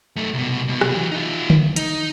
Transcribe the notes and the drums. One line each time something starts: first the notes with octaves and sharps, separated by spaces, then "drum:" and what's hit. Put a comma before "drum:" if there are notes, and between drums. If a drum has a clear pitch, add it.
F#2 A3
C2 B2
C2 B2
drum: rim click
E3 F#3
D#4 F4
drum: tom D3
D#4, drum: hi-hat